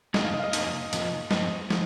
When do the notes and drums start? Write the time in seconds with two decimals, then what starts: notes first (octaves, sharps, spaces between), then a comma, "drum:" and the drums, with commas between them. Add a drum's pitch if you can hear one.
0.14 F2 C3 G3 C4 D#4 D#5, drum: snare
0.24 F5
0.34 D#5
0.39 F5
0.44 D#5
0.53 F2 C3 F3 A#3 D#4, drum: hi-hat
0.93 F2 C3 F3 A#3 D#4, drum: hi-hat
1.31 G2 F3 C4 D#5, drum: snare
1.70 F3, drum: snare